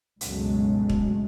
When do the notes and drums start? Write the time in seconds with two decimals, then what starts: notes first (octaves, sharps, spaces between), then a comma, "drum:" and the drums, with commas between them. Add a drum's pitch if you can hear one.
0.21 C#2 G2 B2 F#3 G#3 A3, drum: hi-hat
0.89 drum: kick